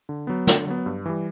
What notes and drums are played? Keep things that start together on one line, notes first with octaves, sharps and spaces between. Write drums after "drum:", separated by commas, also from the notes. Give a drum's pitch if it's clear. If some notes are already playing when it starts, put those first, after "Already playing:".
D3
F#3 B3
D3, drum: snare
F#3 B3
G2
E3 G3